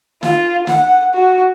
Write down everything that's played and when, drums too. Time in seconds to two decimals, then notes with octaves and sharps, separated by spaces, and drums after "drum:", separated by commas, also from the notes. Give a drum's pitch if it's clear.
0.23 F4, drum: snare
0.67 F#5, drum: snare
1.14 F#4